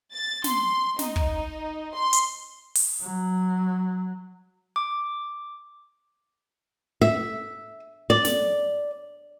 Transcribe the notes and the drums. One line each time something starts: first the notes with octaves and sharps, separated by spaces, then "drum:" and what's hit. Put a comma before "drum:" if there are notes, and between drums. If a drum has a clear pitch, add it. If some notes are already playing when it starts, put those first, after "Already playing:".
A6
C6, drum: snare
D#4, drum: snare
drum: kick
C6
drum: hi-hat
drum: open hi-hat
F#3
D6
E5
D5
drum: snare